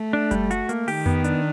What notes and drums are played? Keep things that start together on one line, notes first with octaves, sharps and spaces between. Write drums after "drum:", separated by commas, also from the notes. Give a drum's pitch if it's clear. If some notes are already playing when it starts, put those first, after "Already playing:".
Already playing: A3
D4
G3, drum: kick F#1, hi-hat
F#4, drum: hi-hat
A#3, drum: hi-hat
D#3 G4, drum: open hi-hat
B3, drum: tom F2
D4, drum: hi-hat